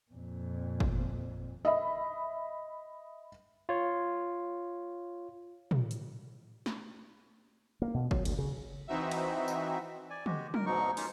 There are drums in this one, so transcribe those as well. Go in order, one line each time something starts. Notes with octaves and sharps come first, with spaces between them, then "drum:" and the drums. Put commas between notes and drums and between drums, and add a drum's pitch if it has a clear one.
F2 A#2
drum: kick G1
D#5 E5 B5
F4 C#5
drum: tom
drum: hi-hat
drum: snare
A#3
B2
F#3, drum: kick G1
D2, drum: cymbal
C#3
E3 C4 D#4 F#4 E5
drum: cymbal
drum: tambourine
D5 G#5
G#3 F#4 G4, drum: tom
A#4, drum: tom
D2 G#2 B2 F#3 D#4 C#6
A#3 C#4 D#4 F4, drum: open hi-hat